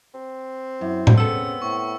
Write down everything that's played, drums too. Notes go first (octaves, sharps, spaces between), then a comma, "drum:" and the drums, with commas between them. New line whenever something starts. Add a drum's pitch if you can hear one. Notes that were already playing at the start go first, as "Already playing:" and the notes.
C4
F#2 E4
drum: tom A2
C#3 B3 A4 E6
A2 C#6